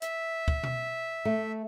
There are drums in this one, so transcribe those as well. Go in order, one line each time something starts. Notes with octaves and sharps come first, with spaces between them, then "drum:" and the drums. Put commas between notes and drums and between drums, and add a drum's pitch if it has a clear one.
E5, drum: hi-hat
drum: kick
drum: tom B2
A3